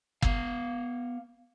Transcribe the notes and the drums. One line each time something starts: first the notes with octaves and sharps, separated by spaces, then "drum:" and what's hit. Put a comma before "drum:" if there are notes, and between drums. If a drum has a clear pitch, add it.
B3 F5, drum: kick